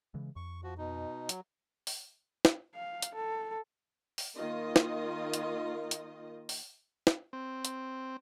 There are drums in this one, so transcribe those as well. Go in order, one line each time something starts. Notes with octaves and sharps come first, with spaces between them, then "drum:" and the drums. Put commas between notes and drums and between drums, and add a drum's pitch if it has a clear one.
C#3 E3 G#3
F2 C#6
F3 F#4
B2 D#4
F#3, drum: hi-hat
drum: open hi-hat
drum: snare
F5
drum: hi-hat
A4
drum: open hi-hat
D#3 A#3 F4 D#5
drum: snare
drum: hi-hat
drum: hi-hat
drum: open hi-hat
drum: snare
C4
drum: hi-hat